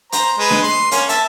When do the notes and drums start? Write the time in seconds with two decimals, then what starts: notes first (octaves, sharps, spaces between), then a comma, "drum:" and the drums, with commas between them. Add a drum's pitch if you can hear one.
0.12 C5 A#5, drum: hi-hat
0.39 G#3 B4
0.50 drum: snare D4
0.63 C6
0.91 A#3 C#4, drum: hi-hat
1.09 E5 A5, drum: hi-hat